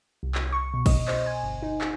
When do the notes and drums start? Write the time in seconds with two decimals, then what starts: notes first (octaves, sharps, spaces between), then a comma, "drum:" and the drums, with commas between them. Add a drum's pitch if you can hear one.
0.23 C2
0.35 drum: clap
0.52 C#6
0.74 B2
0.86 D#5, drum: kick, cymbal
1.08 C5, drum: clap
1.26 G#5
1.43 G1
1.62 D#4
1.81 drum: clap